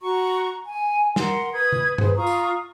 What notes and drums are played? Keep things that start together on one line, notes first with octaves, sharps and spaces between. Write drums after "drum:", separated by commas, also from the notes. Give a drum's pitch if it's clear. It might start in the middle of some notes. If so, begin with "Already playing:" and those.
F#4 A#5 C#6
G#5
A#4 F#5 C6, drum: snare
B4 D#6 G#6
drum: tom C#3
G#4 B4 C5, drum: tom G2
F4 A#5 C#6 D#6
drum: tambourine